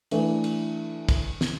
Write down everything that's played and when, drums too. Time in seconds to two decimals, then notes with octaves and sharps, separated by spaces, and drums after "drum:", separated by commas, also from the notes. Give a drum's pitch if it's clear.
0.11 E3 A3 D4, drum: cymbal
0.44 drum: cymbal
1.09 drum: kick, cymbal
1.41 drum: snare